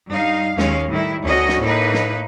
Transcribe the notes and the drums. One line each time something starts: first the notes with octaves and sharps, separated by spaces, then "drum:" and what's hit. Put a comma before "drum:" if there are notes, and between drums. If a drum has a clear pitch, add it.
G2 D#4 F5
D#2 G#3 C#4 F5, drum: snare
A2 D#3 G3 E4
D2 C#4 F#4 D#5
drum: snare
A2 A#3 D#4 B4
drum: snare